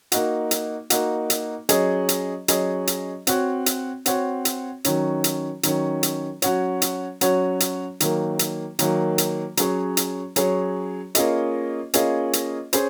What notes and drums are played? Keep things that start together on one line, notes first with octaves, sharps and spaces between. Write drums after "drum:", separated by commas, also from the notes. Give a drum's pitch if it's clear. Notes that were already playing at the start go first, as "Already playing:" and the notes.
A#3 D#4 F#4, drum: hi-hat
drum: hi-hat
A#3 D#4 F#4, drum: hi-hat
drum: hi-hat
F#3 C#4 G#4 D#5, drum: hi-hat
drum: hi-hat
F#3 C#4 G#4 D#5, drum: hi-hat
drum: hi-hat
C4 F#4 C#5, drum: hi-hat
drum: hi-hat
C4 F#4 C#5, drum: hi-hat
drum: hi-hat
D#3 F#3 C#4, drum: hi-hat
drum: hi-hat
D#3 F#3 C#4, drum: hi-hat
drum: hi-hat
F#3 C#4 F#4 C#5, drum: hi-hat
drum: hi-hat
F#3 C#4 F#4 C#5, drum: hi-hat
drum: hi-hat
D#3 F#3 A#3, drum: hi-hat
drum: hi-hat
D#3 F#3 A#3, drum: hi-hat
drum: hi-hat
F#3 C#4 G#4 C#5, drum: hi-hat
drum: hi-hat
F#3 C#4 G#4 C#5, drum: hi-hat
A#3 C#4 F4 G#4 D#5, drum: hi-hat
A#3 C#4 F4 G#4 D#5, drum: hi-hat
drum: hi-hat
C#4 G#4 C5, drum: hi-hat